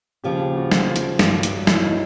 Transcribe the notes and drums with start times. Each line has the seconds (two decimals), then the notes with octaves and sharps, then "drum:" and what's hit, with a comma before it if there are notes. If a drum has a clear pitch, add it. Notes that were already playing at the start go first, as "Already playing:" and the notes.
0.24 D#2 C#3 F3 G4
0.39 G4
0.56 F#4
0.71 F4, drum: snare
0.96 drum: hi-hat
1.19 G2 D#3 F#3, drum: snare
1.43 drum: hi-hat
1.67 E4, drum: snare
1.82 D#4